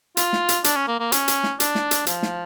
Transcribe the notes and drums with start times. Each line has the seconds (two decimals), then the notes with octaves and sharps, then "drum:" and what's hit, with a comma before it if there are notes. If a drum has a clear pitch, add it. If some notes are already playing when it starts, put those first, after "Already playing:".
0.17 F4, drum: hi-hat
0.33 drum: snare
0.49 drum: hi-hat
0.64 D4, drum: hi-hat
0.76 C#4
0.88 A#3
1.00 A#3
1.12 C#4, drum: hi-hat
1.28 drum: hi-hat
1.43 drum: snare
1.60 D4, drum: hi-hat
1.75 drum: snare
1.91 drum: hi-hat
2.07 F3, drum: hi-hat
2.23 drum: snare